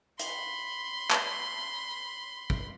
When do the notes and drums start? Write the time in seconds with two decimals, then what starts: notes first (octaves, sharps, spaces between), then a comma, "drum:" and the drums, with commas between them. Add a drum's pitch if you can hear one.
0.19 B5 C6, drum: hi-hat
1.11 drum: clap
2.50 drum: kick